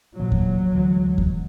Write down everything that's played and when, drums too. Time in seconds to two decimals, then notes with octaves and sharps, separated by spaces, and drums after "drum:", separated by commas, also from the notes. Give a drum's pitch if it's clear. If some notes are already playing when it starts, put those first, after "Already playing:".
0.20 G2 A#2 F3 F#3
0.32 drum: kick D#2
0.75 D2 E3 G#3
1.18 drum: kick D#2